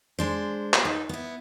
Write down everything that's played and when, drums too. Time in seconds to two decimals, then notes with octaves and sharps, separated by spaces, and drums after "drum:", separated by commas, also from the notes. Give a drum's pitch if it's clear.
0.19 G#3 D4 C5
0.73 drum: clap
0.85 D#4
1.09 B3 E4